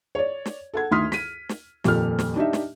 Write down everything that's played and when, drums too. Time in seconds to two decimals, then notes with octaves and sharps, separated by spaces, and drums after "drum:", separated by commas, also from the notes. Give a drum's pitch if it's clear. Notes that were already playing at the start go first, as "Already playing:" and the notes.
0.15 C#5 D5
0.46 drum: snare
0.74 A4 F#5 G#6
0.91 D2 D#3 C6 D#6 F6 B6
1.12 B6 D#7, drum: snare
1.49 drum: snare
1.84 D#1 F2 A#2 G4 A4 F6, drum: snare
2.19 drum: snare
2.36 D4 D#4 G4 E5
2.53 drum: snare